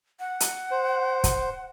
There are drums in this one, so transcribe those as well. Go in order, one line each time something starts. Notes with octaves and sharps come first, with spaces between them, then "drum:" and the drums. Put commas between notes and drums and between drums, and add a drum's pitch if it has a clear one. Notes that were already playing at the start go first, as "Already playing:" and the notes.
F#5
drum: hi-hat
C5
drum: kick, hi-hat